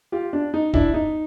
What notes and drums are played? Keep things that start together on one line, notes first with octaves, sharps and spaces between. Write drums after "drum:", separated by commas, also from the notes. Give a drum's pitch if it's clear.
F4 G4
D4
D#4
D4 E4, drum: kick
D#4